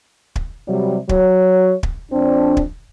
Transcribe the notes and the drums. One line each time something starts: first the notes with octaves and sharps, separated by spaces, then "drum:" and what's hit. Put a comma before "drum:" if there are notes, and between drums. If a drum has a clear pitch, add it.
drum: kick
C3 F#3 G3
F#3 C#5, drum: kick
drum: kick
F2 C4 D4
drum: kick